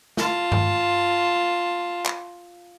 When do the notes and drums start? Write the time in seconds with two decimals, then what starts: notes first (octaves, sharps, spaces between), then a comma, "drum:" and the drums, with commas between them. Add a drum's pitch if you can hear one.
0.17 F4 A5, drum: snare
0.52 drum: tom G2
2.06 drum: clap